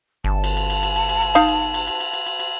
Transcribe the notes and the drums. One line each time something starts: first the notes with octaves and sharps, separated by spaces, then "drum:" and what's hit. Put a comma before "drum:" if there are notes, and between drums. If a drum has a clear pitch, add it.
G1 A5
drum: cymbal
drum: cymbal
drum: cymbal
drum: cymbal
drum: cymbal
drum: cymbal
drum: cymbal
D#4 F5, drum: cymbal
drum: cymbal
drum: cymbal
drum: cymbal
drum: cymbal
drum: cymbal
drum: cymbal
drum: cymbal